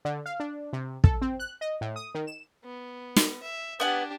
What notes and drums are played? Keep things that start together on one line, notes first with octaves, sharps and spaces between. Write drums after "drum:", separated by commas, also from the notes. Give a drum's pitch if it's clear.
D3
F5
D4
C3
A4, drum: kick
C4
F#6
D#5
A2
D#6
D#3
E7
B3
drum: snare
E5
B3 D4 G4 F#5 G#5